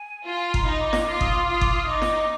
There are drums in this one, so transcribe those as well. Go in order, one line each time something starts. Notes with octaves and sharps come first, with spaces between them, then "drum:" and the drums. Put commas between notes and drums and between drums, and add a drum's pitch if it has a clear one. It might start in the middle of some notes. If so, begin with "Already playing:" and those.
Already playing: G#5
F4
A#5, drum: kick G1
D#4 B5
D6
D6, drum: snare
F4 D6
D#6, drum: kick G1
D6
F4
D#6
D6, drum: kick G1
D#6
D#4 D6
drum: snare